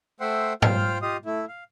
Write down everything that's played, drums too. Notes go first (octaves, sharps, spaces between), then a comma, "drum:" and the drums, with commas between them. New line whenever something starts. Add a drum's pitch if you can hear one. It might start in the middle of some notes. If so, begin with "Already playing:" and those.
A3 C5 E5 F#5 G5 C6
F4 C5 F5 G5 F6, drum: tom G#2
F4 G4 D#5 F5 D#6
A3 E4
F5